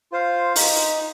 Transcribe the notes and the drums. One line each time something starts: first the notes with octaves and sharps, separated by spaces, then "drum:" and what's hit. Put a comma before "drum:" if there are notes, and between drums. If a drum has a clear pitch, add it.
F4 C5 F5
D#4, drum: open hi-hat